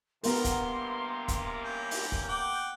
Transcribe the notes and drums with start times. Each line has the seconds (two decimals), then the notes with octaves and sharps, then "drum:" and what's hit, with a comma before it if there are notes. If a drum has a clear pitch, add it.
0.24 G2 C3 A#3 B3 A#4 C6, drum: open hi-hat
0.44 drum: kick, hi-hat
1.28 drum: kick, hi-hat
1.63 C#4 G6
1.91 drum: open hi-hat
2.12 drum: kick
2.28 F#5 G5 D6